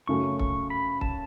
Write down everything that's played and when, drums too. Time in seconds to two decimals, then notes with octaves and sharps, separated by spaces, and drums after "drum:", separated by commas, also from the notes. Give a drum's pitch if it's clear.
0.07 F#2 C#3 F#3 A3 C#4 C#6
0.40 C#6, drum: kick
0.70 B5
1.01 A5, drum: kick